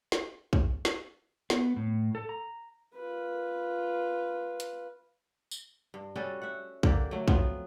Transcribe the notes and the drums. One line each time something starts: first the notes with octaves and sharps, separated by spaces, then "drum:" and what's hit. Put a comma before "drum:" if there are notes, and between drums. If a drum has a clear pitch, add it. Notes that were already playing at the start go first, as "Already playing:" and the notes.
drum: snare
drum: kick
drum: snare
B3, drum: snare
A2
A4
A#5
F4 B4
drum: hi-hat
drum: tambourine
G2
G3 C#4 F#4 A4
E5 F#5
D3 A#3 G4, drum: kick
F#3 A3
F3 F#3 B3 C4, drum: kick